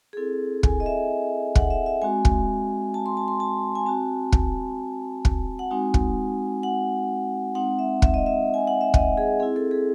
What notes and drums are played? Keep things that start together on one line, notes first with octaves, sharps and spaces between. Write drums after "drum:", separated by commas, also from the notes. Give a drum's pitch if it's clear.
G#4
C4 E4 A4
G#5, drum: kick
D#5
E5
F#5, drum: kick
E5
E5
G#3 C4 F#4 G#5
drum: kick
A5
C6
A5
C6
A5
G#5
C4 F#4 A5
drum: kick
drum: kick
F#5
G#3 C4 D#4 F#4 G#5
drum: kick
F#5
G#3 C4 D#4 F#5
E5
E5, drum: kick
D#5
E5
G#5
F#5
E5
D#5, drum: kick
G#4
C4 E4 G#4
A4
G#4